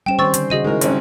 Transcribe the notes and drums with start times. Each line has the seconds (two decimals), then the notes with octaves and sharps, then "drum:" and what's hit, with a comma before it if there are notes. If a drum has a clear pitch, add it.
0.06 G3 C#4 C5 G5 E7
0.19 D#3 C4 C5 C#6 E6 A6
0.34 D3, drum: hi-hat
0.50 C#3 F#4 G#4 D#5 D#7
0.64 G#3 D#4 E4 A#4
0.81 G#1 C4 C#4, drum: hi-hat